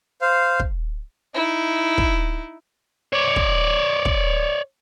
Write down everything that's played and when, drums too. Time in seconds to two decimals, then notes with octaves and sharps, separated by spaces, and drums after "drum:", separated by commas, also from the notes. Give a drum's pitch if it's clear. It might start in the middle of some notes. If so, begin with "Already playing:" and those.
0.21 C5 F5
0.59 drum: kick
1.34 D#4 E4
1.98 drum: kick
3.13 C#5 D5
3.36 drum: kick
4.05 drum: kick